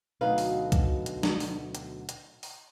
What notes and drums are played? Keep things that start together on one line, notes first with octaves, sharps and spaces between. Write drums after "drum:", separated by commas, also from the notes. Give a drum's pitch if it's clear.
D2 B2 F#3 D#4 B4 F5
drum: open hi-hat
drum: kick C2, hi-hat
drum: hi-hat
drum: snare
drum: open hi-hat
drum: hi-hat
drum: hi-hat
drum: open hi-hat